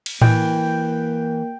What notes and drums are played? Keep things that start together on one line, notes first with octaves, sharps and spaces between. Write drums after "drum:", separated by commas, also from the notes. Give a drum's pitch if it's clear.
drum: cymbal
E3 A#3 G5, drum: tom A2